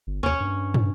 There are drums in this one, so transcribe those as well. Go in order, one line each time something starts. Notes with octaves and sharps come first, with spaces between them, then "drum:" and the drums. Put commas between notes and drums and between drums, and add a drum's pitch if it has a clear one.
G1
D#2 C#4 C#5
G2
drum: tom